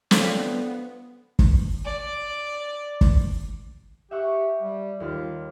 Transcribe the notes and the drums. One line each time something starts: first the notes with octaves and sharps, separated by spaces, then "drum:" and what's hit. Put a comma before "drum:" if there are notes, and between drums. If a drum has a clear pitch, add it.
D3 C4 F4, drum: snare
B3
drum: kick
D5
drum: kick
G4 E5 F#5 C#6
G3
D#2 G3 F4 F6